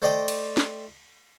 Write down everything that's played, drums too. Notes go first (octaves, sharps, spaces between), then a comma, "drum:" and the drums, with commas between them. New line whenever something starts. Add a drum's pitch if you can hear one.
A3 C5 D5 D#5 G5
drum: cymbal
drum: snare